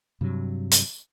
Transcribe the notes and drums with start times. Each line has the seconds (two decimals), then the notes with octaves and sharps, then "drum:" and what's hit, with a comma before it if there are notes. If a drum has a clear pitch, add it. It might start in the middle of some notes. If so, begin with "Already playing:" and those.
0.21 G2 C3 F#3
0.71 drum: hi-hat